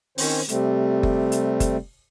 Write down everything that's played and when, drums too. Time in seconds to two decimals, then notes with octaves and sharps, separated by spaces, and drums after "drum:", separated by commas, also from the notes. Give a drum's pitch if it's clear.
0.18 D#3 C4 C#4 C5 C#5, drum: open hi-hat
0.49 C3 G3 A3 C4, drum: hi-hat
1.03 drum: kick F#1
1.32 drum: hi-hat
1.60 drum: kick F#1, hi-hat